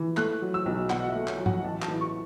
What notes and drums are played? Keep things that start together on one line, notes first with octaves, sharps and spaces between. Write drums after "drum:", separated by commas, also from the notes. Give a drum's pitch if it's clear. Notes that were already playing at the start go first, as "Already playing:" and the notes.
Already playing: E3
A3 F#6, drum: clap
F#3
E6
B1
B2 F#5, drum: clap
E5
A3
C#5, drum: clap
F#3
F#5, drum: tom
A1 A5
A5, drum: clap
E3
C#6